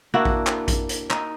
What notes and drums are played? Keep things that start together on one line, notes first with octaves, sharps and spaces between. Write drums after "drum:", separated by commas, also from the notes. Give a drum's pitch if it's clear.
A#3 D4 E4 F#4
drum: kick A1
drum: clap
drum: kick A1, hi-hat
drum: hi-hat
D#4, drum: clap